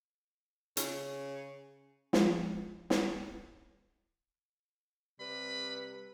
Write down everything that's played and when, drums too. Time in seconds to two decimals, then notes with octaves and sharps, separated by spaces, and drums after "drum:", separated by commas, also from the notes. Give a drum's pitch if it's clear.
0.77 C#3, drum: hi-hat
2.13 F3 G#3, drum: snare
2.90 drum: snare
5.20 C3 G3 B4 B5